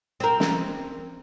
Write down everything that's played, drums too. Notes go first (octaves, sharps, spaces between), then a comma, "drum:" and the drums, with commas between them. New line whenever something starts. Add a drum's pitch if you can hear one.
C4 A#4
drum: snare